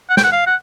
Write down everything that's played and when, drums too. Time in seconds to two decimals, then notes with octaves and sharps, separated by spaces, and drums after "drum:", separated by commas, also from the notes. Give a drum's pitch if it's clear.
0.10 F#5
0.17 G5, drum: snare
0.24 F#5
0.32 F5
0.47 F#5